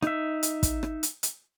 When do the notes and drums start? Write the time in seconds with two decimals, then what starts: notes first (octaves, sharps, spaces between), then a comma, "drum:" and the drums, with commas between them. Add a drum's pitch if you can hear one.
0.02 D#4 E5, drum: rim click
0.43 drum: hi-hat
0.63 drum: kick, hi-hat
0.83 drum: rim click
1.03 drum: hi-hat
1.23 drum: hi-hat